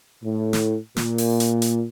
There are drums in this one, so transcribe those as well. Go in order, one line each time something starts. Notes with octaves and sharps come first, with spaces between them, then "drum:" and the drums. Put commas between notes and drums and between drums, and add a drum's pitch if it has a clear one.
A2
drum: snare
A#2, drum: snare
drum: open hi-hat
drum: hi-hat
drum: hi-hat